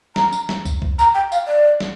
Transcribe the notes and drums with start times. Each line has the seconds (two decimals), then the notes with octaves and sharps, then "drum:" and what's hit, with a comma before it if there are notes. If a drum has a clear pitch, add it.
0.16 A#5, drum: snare
0.33 drum: tambourine
0.49 drum: snare
0.65 drum: kick, tambourine
0.82 drum: kick
0.99 A#5, drum: tambourine
1.15 G5
1.32 F5, drum: tambourine
1.47 D5
1.80 drum: snare